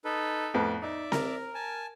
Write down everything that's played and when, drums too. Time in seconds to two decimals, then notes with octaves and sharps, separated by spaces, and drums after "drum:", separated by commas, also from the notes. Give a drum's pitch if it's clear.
0.05 D#4 A4 B4
0.54 F2 A2 B3 D6
0.82 D#4 D5 E5
1.12 A#4, drum: snare C4
1.55 G#5 A5